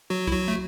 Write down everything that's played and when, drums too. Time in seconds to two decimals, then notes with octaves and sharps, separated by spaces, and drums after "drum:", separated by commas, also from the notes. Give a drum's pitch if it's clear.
0.10 F#3 F#4
0.27 E4, drum: kick C2
0.32 F#3 F#4
0.48 A3